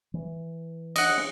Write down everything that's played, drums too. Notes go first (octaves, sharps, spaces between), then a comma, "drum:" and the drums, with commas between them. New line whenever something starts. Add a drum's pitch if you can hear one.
E3
D#5 F#5, drum: cymbal